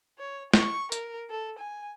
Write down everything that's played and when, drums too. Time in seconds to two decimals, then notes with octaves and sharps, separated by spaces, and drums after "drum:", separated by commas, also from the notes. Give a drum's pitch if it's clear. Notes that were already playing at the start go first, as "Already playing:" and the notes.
0.19 C#5
0.54 C#6, drum: snare
0.92 A#4, drum: hi-hat
1.30 A4
1.58 G#5